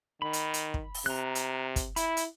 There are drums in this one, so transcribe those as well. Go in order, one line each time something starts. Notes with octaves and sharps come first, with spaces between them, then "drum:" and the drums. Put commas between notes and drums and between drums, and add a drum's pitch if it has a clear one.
D#3 B5
drum: hi-hat
drum: hi-hat
drum: kick
drum: open hi-hat
C3 A#5 F#6
drum: hi-hat
drum: kick, hi-hat
E4 B5, drum: hi-hat
drum: hi-hat